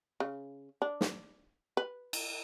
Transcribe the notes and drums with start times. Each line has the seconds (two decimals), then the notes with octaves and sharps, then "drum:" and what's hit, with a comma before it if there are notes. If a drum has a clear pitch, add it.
0.20 C#3
0.82 D4
1.01 drum: snare
1.77 B4
2.13 drum: cymbal